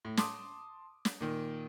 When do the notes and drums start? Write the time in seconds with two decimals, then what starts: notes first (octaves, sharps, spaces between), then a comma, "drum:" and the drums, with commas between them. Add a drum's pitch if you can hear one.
0.05 A2
0.17 A5 C6 D6 D#6, drum: snare
1.05 drum: snare
1.20 A#2 D#3